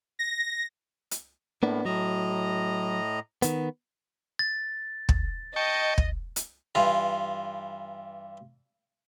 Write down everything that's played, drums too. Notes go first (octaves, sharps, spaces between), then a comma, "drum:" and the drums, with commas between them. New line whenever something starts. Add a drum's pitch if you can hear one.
A#6
drum: hi-hat
A2 A#3 B3 D4
A2 F#3 D#5 A#5
D#3 B3, drum: hi-hat
A6
drum: kick
D#5 G5 A5 C#6
drum: kick
drum: hi-hat
G2 E3 F4